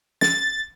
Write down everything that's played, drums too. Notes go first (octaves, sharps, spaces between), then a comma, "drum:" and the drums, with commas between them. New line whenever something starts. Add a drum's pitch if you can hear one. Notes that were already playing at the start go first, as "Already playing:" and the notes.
A6, drum: snare